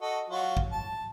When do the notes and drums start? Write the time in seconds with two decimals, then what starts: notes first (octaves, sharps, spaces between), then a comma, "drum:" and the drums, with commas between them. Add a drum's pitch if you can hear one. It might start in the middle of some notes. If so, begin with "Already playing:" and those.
0.01 F#4 A4 D#5
0.30 F#3 F4 F#4
0.57 drum: kick
0.72 A5